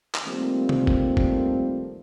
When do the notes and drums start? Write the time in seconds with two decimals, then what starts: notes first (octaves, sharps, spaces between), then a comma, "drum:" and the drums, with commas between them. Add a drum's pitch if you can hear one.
0.15 drum: clap
0.25 D#3 F3 G3 A3 A#3 C4
0.69 drum: tom C3
0.87 drum: kick
1.17 drum: kick